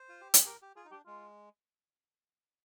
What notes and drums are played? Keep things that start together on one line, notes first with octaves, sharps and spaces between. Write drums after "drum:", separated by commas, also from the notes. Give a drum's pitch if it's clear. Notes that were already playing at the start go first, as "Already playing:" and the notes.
Already playing: C5
F4
G4
G#4, drum: hi-hat
G4 A#4
G4
F4 G#4
D#4
D4 G4
G#3 F4